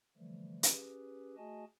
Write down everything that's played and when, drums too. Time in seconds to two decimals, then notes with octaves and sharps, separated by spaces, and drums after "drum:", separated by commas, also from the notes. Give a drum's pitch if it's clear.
0.17 D3 E3 F3 G3 A3
0.63 C#4 G4 G#4 B4, drum: hi-hat
1.37 A3 F#4 G#4 D#5 G#5 A5